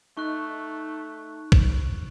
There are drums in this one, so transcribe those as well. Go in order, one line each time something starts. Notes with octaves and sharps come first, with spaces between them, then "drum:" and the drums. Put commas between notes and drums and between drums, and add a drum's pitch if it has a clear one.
A3 D#4 C#6 F#6
drum: kick